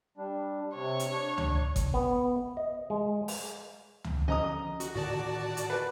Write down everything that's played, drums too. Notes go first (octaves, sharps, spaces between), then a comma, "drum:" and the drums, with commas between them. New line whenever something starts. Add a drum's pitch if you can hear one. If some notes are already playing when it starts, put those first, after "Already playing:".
G3 D4
C3 C#5
drum: hi-hat
D4
drum: tom
drum: kick G#1, hi-hat
B3
D#5
G#3
drum: open hi-hat
drum: tom
D3 F3 C#4 D#5 A#5 D#6
F#4, drum: hi-hat
A2 D3 D#3 F#4 D5 A5
drum: hi-hat
B4